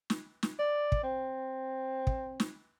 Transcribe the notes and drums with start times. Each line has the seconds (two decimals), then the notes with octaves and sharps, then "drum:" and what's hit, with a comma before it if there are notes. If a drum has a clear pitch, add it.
0.10 drum: snare
0.43 drum: snare
0.59 D5
0.92 drum: kick
1.03 C4
2.07 drum: kick
2.40 drum: snare